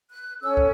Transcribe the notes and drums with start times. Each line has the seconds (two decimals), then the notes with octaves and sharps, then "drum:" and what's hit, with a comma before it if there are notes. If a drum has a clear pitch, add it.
0.10 F#6
0.42 C#4 A4 C#5 E6
0.57 drum: kick